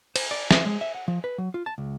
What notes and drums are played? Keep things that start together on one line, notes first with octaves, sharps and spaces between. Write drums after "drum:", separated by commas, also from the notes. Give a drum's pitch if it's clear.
C5, drum: cymbal
D5
E5, drum: snare
G#3
E5
F#5
F3
B4
F#3
F4
A5
C#2